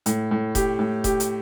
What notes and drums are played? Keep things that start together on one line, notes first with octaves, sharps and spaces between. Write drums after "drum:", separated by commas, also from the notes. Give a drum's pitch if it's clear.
A2, drum: hi-hat
A2
G4, drum: kick E1, hi-hat
A2
G4, drum: kick E1, hi-hat
drum: hi-hat